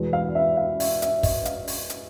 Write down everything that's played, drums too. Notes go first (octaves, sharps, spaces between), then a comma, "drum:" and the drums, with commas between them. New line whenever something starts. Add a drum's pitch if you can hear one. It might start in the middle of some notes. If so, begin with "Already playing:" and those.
Already playing: E2 B2 G#3
F5
E5
F5
E5, drum: open hi-hat
E5, drum: hi-hat
D#5, drum: kick, open hi-hat
F5, drum: hi-hat
drum: open hi-hat
drum: hi-hat